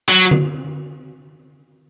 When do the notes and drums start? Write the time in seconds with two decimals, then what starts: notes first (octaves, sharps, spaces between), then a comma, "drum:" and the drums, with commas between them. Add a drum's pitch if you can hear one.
0.08 F#3
0.31 drum: tom D3